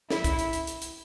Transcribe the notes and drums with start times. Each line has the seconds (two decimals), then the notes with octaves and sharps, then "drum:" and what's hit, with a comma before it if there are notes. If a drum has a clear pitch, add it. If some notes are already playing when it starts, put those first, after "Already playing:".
0.10 E4, drum: snare
0.24 drum: kick, hi-hat
0.39 drum: hi-hat
0.53 drum: hi-hat
0.67 drum: hi-hat
0.82 drum: hi-hat